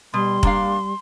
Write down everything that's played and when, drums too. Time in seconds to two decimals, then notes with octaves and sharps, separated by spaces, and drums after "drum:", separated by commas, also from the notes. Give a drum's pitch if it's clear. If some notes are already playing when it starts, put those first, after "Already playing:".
0.14 B2 G3 C6
0.43 A#3 D4 F5, drum: kick